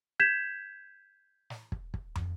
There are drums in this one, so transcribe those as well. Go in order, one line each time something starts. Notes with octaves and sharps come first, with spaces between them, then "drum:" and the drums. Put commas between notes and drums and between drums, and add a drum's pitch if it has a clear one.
G6 G#6 B6 E7
drum: snare
drum: kick
drum: kick
drum: tom